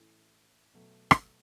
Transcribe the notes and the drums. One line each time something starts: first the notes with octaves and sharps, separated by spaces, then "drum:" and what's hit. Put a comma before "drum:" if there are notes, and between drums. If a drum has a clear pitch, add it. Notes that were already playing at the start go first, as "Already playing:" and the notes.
Already playing: A2 E3 A3 C#4
B2 F#3 A3
drum: rim click